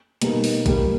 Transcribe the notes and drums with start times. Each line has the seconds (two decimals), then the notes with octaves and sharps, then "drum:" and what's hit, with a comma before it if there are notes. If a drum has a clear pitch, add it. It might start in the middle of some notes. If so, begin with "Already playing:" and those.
0.22 B2 G3 A#3 D#4, drum: hi-hat
0.44 drum: open hi-hat
0.66 A#2 G3 A#3, drum: kick A#1, hi-hat